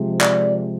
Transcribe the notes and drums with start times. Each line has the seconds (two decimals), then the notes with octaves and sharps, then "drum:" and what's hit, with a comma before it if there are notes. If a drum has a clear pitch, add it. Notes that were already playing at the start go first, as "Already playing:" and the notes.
Already playing: C3 F3 G#3
0.21 D5, drum: clap